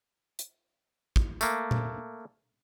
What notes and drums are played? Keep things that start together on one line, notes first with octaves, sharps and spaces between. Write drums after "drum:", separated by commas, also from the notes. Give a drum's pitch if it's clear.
drum: hi-hat
drum: kick
A3 A#3, drum: tambourine
drum: tom A#2